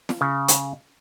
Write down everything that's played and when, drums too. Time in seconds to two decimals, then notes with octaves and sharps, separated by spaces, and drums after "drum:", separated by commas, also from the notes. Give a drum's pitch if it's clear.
0.09 drum: snare
0.21 C#3
0.48 drum: hi-hat